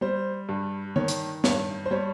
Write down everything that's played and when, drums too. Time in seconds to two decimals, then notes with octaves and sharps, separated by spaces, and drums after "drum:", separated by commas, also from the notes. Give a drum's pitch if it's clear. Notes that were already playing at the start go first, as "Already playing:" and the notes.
0.01 G3 C5
0.49 G2
0.96 D#3 C#5
1.08 drum: hi-hat
1.44 G2 C#5, drum: snare
1.86 C5
1.91 G3 C#5